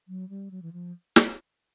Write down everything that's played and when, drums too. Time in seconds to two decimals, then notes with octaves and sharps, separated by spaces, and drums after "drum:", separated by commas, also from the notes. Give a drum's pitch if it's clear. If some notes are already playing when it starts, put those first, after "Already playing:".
0.08 F#3
0.29 G3
0.51 F#3
0.62 E3
0.73 F3
1.16 drum: snare